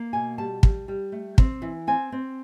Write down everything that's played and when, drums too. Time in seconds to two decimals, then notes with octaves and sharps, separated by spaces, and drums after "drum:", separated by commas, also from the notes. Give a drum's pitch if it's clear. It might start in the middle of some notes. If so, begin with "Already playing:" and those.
Already playing: A#3
0.13 B2 G#5
0.38 G3 A5
0.63 G3, drum: kick
0.88 G3
1.12 A3
1.38 C4, drum: kick
1.62 E3
1.87 C4 G#5
2.12 C4